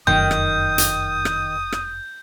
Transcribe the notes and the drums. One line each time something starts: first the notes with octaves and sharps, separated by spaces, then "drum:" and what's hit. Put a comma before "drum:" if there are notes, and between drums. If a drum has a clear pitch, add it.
F1 F#2 D#3 D#6 G6
drum: rim click
drum: hi-hat
drum: rim click
drum: rim click